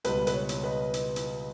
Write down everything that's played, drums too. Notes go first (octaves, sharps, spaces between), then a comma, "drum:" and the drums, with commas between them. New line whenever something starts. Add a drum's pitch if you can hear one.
C#2 B2 G3 B4, drum: hi-hat
B4, drum: hi-hat
C#5
drum: hi-hat
B4 D#5
drum: hi-hat
drum: hi-hat